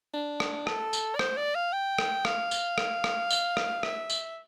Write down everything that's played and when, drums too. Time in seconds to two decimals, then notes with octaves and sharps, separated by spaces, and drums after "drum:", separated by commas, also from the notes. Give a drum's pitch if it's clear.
0.14 D4
0.40 drum: rim click
0.67 A4, drum: rim click
0.93 drum: tambourine
1.15 D5
1.19 C5, drum: rim click
1.37 D5
1.55 F5
1.72 G5
1.98 drum: rim click
2.25 F5, drum: rim click
2.51 drum: tambourine
2.78 drum: rim click
3.04 drum: rim click
3.30 drum: tambourine
3.57 drum: rim click
3.83 E5, drum: rim click
4.10 drum: tambourine